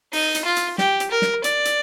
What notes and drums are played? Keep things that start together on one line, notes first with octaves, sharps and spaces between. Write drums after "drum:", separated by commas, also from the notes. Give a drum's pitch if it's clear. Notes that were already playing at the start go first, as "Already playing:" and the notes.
D#4, drum: open hi-hat
drum: hi-hat
F4
drum: hi-hat
G4, drum: snare
drum: hi-hat
A#4
drum: snare
D5, drum: hi-hat
drum: hi-hat